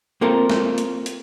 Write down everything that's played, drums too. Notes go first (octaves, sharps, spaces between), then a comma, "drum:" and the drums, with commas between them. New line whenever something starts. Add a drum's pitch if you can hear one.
A#3 C4 F4 A4 A#4
drum: snare
drum: hi-hat
drum: hi-hat